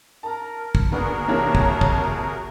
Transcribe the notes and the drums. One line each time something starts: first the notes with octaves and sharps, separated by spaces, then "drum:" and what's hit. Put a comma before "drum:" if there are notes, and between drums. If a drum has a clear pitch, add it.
A#4 A5 A#5
drum: kick
A#3 B3 F#4 G#4 A#4 D5 A#5
C3 E3 A#3 C#5 A5
drum: kick
drum: kick